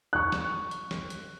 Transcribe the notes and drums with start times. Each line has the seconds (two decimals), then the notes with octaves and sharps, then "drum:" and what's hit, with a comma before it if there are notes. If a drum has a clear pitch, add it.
0.13 C#6 F#6
0.32 drum: snare
0.71 drum: hi-hat
0.91 drum: snare
1.10 drum: hi-hat